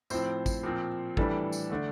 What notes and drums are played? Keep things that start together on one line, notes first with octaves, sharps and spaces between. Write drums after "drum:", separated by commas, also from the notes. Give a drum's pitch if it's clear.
A2 F3 C4 C5, drum: tambourine
drum: kick, tambourine
A#2 F3 C4
A2 E3 G3 D4 A4, drum: kick
drum: tambourine
D3 A3 D4